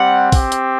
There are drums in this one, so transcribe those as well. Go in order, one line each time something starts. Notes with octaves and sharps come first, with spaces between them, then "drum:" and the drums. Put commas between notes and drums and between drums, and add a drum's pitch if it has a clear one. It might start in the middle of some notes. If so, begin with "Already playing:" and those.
Already playing: G3 C4 G4 F#5
C4 G4, drum: kick A#1, open hi-hat
drum: hi-hat